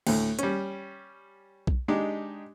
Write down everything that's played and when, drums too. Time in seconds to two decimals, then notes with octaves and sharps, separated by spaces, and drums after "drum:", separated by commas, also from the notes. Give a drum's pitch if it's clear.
0.07 D2 A2, drum: cymbal
0.39 G3 C#4, drum: hi-hat
1.67 drum: kick B1
1.88 G#3 D4 D#4 G4